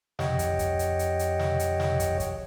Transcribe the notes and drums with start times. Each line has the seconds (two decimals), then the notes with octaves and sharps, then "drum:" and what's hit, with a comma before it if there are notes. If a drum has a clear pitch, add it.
0.19 F2 G4 C#5 D#5 F#5 G5, drum: snare
0.39 drum: kick, hi-hat
0.59 drum: kick, hi-hat
0.79 drum: hi-hat
0.99 drum: hi-hat
1.19 drum: hi-hat
1.39 drum: snare
1.59 drum: hi-hat
1.80 drum: snare
2.00 drum: kick, hi-hat
2.20 drum: kick, hi-hat